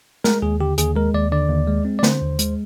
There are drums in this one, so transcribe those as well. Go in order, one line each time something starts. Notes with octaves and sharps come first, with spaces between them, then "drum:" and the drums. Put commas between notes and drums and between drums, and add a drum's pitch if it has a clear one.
G#3 A#4, drum: snare
D#2 G#4
D3 G4
D#2 G#4, drum: hi-hat
G#3 A#4
D#2 D5
D3 D5
D#2
G#3
C4
D5
D3 C5, drum: snare
D#2
G#3, drum: hi-hat